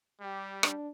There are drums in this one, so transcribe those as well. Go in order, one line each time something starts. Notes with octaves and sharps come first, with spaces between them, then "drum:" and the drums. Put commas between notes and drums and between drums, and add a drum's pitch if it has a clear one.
G3 G4
D4, drum: rim click